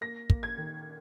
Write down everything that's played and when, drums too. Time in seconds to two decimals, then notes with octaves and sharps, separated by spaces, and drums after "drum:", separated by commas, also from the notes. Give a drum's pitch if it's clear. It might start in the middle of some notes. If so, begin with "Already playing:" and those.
0.01 A#3 A#6
0.30 A#3, drum: kick
0.43 G#6
0.57 D#3